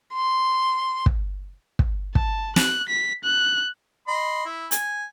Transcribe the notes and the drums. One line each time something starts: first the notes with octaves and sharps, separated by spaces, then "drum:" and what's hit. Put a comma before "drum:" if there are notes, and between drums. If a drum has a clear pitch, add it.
C6
drum: kick
drum: kick
A5, drum: kick
F#6, drum: snare
B6
F#6
D#5 B5 C6
E4
G#5, drum: hi-hat